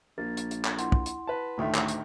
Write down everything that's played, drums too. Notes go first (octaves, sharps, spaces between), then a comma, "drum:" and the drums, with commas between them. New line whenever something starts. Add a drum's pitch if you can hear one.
A#1 A#3 A6
drum: hi-hat
drum: hi-hat
drum: clap
E4 F#5 C6, drum: hi-hat
drum: kick
drum: hi-hat
B4 A5
D2 A2 D#3 A3
drum: clap
drum: hi-hat